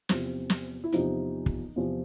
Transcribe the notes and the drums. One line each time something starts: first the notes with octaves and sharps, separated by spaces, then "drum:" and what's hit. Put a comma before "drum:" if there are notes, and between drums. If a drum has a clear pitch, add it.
E2 C3 F3 C4, drum: snare
drum: snare
E4
E2 C3 F3 D#4, drum: hi-hat
drum: kick
E2 C3 F3